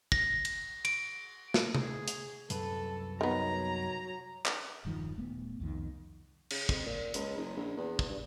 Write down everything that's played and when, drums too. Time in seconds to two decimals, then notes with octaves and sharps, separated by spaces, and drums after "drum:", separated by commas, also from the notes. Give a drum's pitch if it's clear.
0.12 A#6, drum: kick
0.45 drum: cymbal
0.85 D7, drum: cymbal
1.54 drum: snare
1.75 G#4, drum: tom C3
2.08 drum: hi-hat
2.50 C2 F#2 A4 B4, drum: hi-hat
3.21 D#3 F#3 B3 A#5
4.46 drum: clap
4.85 E1 G2 D#3 F3
5.16 D#1 A3 B3
5.60 C2 F2 D#3
6.50 C#3, drum: cymbal
6.69 F2, drum: kick
6.86 A#2
7.14 C#2, drum: hi-hat
7.37 F#1
7.56 A#1
7.77 E2
7.99 drum: kick
8.08 G2